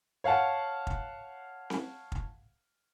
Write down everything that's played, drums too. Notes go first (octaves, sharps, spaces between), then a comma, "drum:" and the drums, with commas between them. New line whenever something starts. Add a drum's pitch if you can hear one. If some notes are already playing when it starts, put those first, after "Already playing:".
C#5 F5 F#5 A5
drum: kick
drum: snare C4
drum: kick